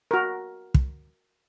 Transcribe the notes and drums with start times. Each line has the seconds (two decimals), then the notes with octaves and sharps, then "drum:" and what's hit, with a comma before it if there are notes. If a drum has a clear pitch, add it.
0.11 F#4 A#4
0.74 drum: kick